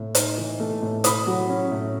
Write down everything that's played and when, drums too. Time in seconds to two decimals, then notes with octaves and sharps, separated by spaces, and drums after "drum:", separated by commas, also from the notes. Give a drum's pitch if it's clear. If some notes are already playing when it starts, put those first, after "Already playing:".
Already playing: A2
0.15 D#4, drum: hi-hat
0.37 E3
0.60 A3
0.82 A2
1.04 E4 B5 D#6, drum: hi-hat
1.27 F#3
1.49 C#4
1.71 A2